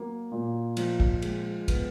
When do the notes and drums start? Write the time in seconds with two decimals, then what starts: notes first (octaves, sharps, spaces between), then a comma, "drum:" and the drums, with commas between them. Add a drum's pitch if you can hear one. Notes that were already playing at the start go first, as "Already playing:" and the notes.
Already playing: F#3 A#3
0.32 A#2
0.77 F3, drum: cymbal
1.00 drum: kick
1.22 G#3, drum: cymbal
1.68 B3, drum: kick, cymbal